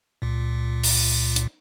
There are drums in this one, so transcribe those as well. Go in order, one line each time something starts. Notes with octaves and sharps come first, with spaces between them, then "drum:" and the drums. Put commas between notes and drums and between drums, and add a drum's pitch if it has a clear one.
C#2 A#2
drum: open hi-hat
drum: hi-hat